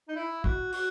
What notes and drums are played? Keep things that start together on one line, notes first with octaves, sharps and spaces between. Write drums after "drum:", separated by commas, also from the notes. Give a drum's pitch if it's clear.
D#4
E4
F#4, drum: kick
F#4, drum: open hi-hat